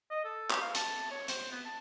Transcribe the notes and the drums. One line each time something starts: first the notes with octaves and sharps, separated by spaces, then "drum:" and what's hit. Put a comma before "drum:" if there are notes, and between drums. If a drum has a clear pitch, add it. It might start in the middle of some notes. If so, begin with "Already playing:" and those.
D#5
A4
G4, drum: clap
F5
A5, drum: hi-hat
C#5
C5, drum: hi-hat
B3
A5